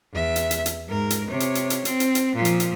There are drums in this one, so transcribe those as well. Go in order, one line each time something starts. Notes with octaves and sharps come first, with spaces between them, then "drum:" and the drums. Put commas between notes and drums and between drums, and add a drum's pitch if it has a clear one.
E2 E5
drum: hi-hat
drum: hi-hat
drum: hi-hat
G#2 A#4
drum: hi-hat
C3 C#5
drum: hi-hat
drum: hi-hat
drum: hi-hat
C4, drum: hi-hat
drum: hi-hat
drum: hi-hat
A#2 F3
drum: hi-hat
drum: hi-hat